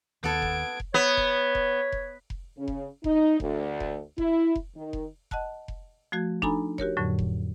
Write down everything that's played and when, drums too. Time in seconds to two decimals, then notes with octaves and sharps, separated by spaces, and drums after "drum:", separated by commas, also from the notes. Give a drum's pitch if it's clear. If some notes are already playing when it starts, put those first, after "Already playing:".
0.24 D#2 B3 A4 G#6 D7
0.42 drum: kick F1
0.80 drum: kick F1
0.94 B3 C#5
1.17 drum: kick F1
1.55 drum: kick F1
1.92 drum: kick F1
2.30 drum: kick F1
2.58 C#3
2.68 drum: kick F1
3.04 D#4, drum: kick F1
3.40 D2, drum: kick F1
3.80 drum: kick F1
4.18 E4, drum: kick F1
4.55 drum: kick F1
4.76 D#3
4.93 drum: kick F1
5.31 D#5 F#5 A5 F#6, drum: kick F1
5.68 drum: kick F1
6.12 F3 A3 F#4 G#6
6.42 D4 D#4 A4 G#5 A#5 B5, drum: kick F1
6.78 F#4 G4 A#4 C#5, drum: kick F1
6.97 F2 A2 D3 F#3
7.19 drum: kick F1